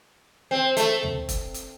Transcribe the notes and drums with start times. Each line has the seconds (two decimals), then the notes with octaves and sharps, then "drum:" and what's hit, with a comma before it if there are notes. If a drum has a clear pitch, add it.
0.51 C4
0.77 A3, drum: hi-hat
1.03 drum: tom D2
1.29 drum: kick E1, hi-hat
1.54 drum: hi-hat